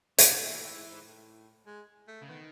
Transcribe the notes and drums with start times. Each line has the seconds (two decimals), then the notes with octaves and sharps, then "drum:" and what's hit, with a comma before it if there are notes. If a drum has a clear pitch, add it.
0.18 C#3, drum: hi-hat
0.31 D#3
0.43 B2 E3
0.59 A2
0.74 G#2
0.90 G#2
1.06 A2
1.66 G#3
2.07 A3
2.22 C#3
2.28 D#3 B3